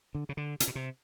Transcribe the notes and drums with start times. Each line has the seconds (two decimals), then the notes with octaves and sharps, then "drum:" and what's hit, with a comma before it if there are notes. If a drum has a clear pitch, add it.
0.15 D3
0.29 C#3
0.37 D3
0.60 C3, drum: hi-hat
0.68 B2
0.75 C3